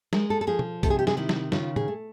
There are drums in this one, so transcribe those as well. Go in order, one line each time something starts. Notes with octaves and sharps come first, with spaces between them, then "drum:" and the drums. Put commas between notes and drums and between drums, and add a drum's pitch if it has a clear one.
G#3 A#4, drum: snare
A4
A4
F3 G#4
drum: tom
C3 A4, drum: kick B1, hi-hat
G#4
G4
G#4, drum: snare
D#3 E4
drum: snare
C#3 F4, drum: snare
G#4, drum: tom
A3